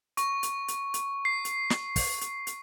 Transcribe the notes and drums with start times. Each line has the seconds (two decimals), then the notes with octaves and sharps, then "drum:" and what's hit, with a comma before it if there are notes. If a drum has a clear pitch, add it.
0.17 C#6, drum: hi-hat
0.43 drum: hi-hat
0.68 drum: hi-hat
0.94 drum: hi-hat
1.25 C7
1.45 drum: hi-hat
1.70 drum: snare
1.96 drum: kick, open hi-hat
2.21 drum: hi-hat
2.47 drum: hi-hat